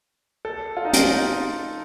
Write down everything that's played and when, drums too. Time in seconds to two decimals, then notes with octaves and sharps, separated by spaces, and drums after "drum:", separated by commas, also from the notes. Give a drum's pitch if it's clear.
0.45 A4
0.77 F4
0.85 D#4
0.93 F4, drum: hi-hat
1.10 D#4